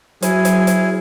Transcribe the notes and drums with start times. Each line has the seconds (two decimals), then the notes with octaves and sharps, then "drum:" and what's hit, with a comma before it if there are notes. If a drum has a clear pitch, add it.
0.22 F#3 E4 G#4, drum: hi-hat
0.45 drum: hi-hat
0.67 drum: hi-hat